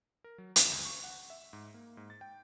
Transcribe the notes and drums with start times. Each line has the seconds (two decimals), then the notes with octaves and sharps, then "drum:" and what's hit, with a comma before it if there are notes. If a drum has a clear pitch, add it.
0.24 A#4
0.38 F#3
0.56 F#2, drum: hi-hat
0.72 C#2
0.85 C#6
1.04 F#5
1.30 E5
1.53 G#2
1.74 A#3
1.97 G#2
2.10 A6
2.21 G5